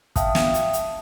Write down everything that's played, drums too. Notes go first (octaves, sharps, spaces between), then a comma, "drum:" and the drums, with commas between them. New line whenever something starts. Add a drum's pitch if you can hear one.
E5 F5 G5 A5 D#6, drum: kick, hi-hat
drum: snare
drum: hi-hat
drum: hi-hat